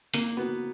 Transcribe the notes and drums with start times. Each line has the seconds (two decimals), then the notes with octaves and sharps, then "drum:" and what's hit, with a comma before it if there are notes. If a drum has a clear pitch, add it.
0.14 C#3 A#3, drum: hi-hat
0.37 B3 F#4